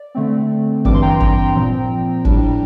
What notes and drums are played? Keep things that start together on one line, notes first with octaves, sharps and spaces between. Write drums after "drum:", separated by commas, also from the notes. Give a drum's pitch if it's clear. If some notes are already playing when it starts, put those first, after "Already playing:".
Already playing: D5
D3 A3 C4
G2 E3 G3 C4 D6, drum: kick
C6
G5 A#5
G5 A#5, drum: kick
G5 A#5
A#2 F3 C4
A2 G3 D4, drum: kick